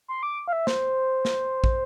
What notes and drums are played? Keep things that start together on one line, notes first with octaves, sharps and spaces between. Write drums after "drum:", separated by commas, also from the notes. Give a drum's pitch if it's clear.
C6
D6
F5
E5
C5, drum: snare
drum: snare
drum: kick